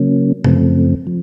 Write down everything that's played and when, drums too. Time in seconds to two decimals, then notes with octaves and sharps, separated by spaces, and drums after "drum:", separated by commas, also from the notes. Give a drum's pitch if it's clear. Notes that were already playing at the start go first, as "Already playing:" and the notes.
Already playing: C#3 F#3 A#3 C#4
0.44 F#2 C#3 F3 A3 C4, drum: tom C3
1.07 F3